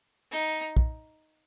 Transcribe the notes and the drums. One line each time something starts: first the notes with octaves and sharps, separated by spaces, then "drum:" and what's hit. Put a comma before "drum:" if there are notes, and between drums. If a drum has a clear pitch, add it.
D#4
drum: kick